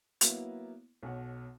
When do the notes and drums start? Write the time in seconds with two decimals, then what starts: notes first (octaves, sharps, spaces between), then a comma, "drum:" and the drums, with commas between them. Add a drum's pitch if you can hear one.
0.21 F#3 A#3 B3 E4, drum: hi-hat
1.03 B1 B2 C#5 F#5